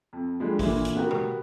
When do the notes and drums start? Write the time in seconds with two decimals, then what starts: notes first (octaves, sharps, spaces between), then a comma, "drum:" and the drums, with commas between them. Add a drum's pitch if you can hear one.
0.13 F2
0.40 D3 F3 G3 G#3
0.59 A#2 D3 E3, drum: kick G#1, open hi-hat
0.85 drum: hi-hat
0.95 B3 F#4 G4 A#4
1.11 drum: tom C3